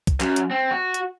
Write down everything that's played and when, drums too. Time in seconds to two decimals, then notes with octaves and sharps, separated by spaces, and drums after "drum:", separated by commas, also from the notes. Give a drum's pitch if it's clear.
0.07 drum: kick, hi-hat
0.20 F#2, drum: clap
0.36 drum: hi-hat
0.51 C4
0.71 F#4
0.94 drum: hi-hat